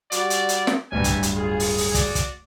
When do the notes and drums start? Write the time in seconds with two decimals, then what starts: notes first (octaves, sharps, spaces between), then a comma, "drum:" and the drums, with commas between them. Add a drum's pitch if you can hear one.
0.12 G3 F#4 D5, drum: hi-hat
0.30 drum: hi-hat
0.49 drum: hi-hat
0.67 drum: snare
0.92 D1 G2 E3 G3 A3 D#4 G#5
1.04 drum: kick, hi-hat
1.23 drum: hi-hat
1.36 F4 G#4
1.60 drum: open hi-hat
1.78 drum: open hi-hat
1.95 F#4 D5, drum: kick, hi-hat
2.15 drum: kick, hi-hat